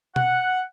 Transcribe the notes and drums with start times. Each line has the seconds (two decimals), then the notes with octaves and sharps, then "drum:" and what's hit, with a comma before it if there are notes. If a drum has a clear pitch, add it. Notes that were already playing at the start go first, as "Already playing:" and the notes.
0.16 F#5, drum: tom B2